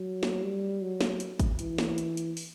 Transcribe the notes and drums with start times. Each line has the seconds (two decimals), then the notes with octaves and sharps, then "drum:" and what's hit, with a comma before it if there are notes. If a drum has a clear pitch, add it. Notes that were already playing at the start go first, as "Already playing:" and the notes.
Already playing: F#3
0.23 drum: snare
0.43 G3
0.82 F#3
1.01 drum: snare
1.20 drum: hi-hat
1.40 drum: kick G#1, hi-hat
1.59 E3, drum: hi-hat
1.78 drum: snare
1.98 drum: hi-hat
2.17 drum: hi-hat
2.37 drum: open hi-hat